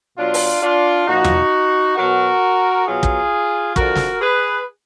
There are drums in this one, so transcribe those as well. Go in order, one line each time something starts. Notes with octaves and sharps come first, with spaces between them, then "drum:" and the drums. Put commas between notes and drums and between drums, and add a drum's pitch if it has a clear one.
B2 F#3 D4 F4
drum: open hi-hat
D4 F4
A#2 F3 D#4 F#4
drum: tom E2
B2 F#3 F#4 A#4
B2 F#3 F4 G#4
drum: kick
D3 F3 F#4 A#4, drum: kick
drum: snare
G#4 B4